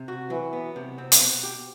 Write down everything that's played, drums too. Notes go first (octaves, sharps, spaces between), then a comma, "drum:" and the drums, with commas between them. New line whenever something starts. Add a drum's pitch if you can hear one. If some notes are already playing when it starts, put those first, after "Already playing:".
Already playing: C3
F#4
E3 F#3
B3
C3
C4
drum: hi-hat
B2
G4